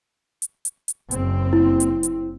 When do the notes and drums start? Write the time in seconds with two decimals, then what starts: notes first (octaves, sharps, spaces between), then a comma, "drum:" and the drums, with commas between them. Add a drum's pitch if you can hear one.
0.42 drum: hi-hat
0.65 drum: hi-hat
0.88 drum: hi-hat
1.11 F#1 C4, drum: hi-hat
1.53 E4
1.80 drum: hi-hat
2.03 drum: hi-hat